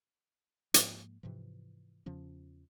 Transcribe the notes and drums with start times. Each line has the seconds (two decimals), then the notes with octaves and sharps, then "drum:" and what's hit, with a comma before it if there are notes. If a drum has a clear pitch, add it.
0.74 G#2 F3 G#3 A#3, drum: hi-hat
1.23 G#2 C3 E3 F3
2.06 E2 C#3 F3 C#4